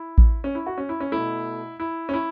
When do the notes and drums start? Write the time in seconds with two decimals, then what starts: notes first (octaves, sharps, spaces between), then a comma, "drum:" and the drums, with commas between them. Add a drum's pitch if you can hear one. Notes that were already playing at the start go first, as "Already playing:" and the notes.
Already playing: E4
0.18 drum: kick A1
0.44 C#4
0.55 E4
0.66 F#4
0.78 C#4
0.89 E4
1.00 C#4
1.12 B2 A3 E4
1.80 E4
2.09 C#4
2.13 E4